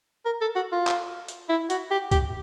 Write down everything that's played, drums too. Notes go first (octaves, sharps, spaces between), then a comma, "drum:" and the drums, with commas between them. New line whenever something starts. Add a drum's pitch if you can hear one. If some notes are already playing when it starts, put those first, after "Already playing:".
A#4
A4
F#4
F4
drum: clap
drum: hi-hat
E4
F#4, drum: hi-hat
G4
G4, drum: kick, hi-hat